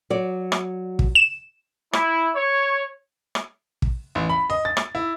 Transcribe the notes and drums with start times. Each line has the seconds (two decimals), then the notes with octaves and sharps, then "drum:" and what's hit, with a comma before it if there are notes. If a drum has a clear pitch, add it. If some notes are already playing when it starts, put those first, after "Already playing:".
0.10 F#3 D5
0.52 drum: rim click
0.99 drum: kick
1.15 E7
1.93 E4, drum: rim click
2.35 C#5
3.35 drum: rim click
3.82 drum: kick
4.15 A1
4.29 B5
4.50 D#5
4.65 A6
4.77 drum: rim click
4.95 E4